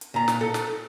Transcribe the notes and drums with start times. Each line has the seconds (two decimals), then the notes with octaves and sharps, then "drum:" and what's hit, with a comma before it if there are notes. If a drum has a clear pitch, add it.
0.01 drum: hi-hat
0.14 A#2 A#5
0.28 drum: snare
0.41 A4
0.54 drum: snare